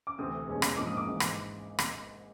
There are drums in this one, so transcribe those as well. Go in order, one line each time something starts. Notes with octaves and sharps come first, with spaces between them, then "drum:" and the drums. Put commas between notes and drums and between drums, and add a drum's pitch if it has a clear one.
D6
D2 C3 E3 A3 C4 D#6
E2 B2 G#3 C#4
drum: rim click
A#1 G#2 F3 A#3 D6
D#6
D6
G#1 G#2 E3
drum: rim click
drum: rim click